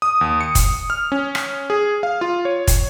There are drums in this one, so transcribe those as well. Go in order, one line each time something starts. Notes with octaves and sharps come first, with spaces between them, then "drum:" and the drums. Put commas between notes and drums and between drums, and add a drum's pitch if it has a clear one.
D#6
D#2
C#7
drum: kick, hi-hat
F6
C#4
drum: rim click
G#4
F5
F4
C#5
drum: kick, hi-hat